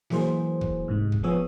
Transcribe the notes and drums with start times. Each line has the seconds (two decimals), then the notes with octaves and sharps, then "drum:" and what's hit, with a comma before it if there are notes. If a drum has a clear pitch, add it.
0.10 E3 F#3 A#3 G#4 C5, drum: snare
0.61 drum: kick
0.88 G#2 C3 G#3
1.12 drum: kick
1.23 F3 B3 G#4 C#5 D#6 E6